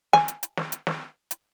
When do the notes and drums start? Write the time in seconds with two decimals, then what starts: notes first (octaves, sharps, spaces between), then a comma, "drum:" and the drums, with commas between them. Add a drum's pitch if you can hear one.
0.13 G#5, drum: snare
0.28 drum: hi-hat
0.43 drum: hi-hat
0.57 drum: snare
0.72 drum: hi-hat
0.87 drum: snare
1.31 drum: hi-hat